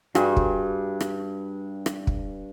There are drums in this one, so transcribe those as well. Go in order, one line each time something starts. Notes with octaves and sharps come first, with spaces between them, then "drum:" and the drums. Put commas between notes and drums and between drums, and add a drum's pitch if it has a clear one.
G2 F#4 G#4, drum: rim click
drum: kick
drum: rim click
drum: rim click
drum: kick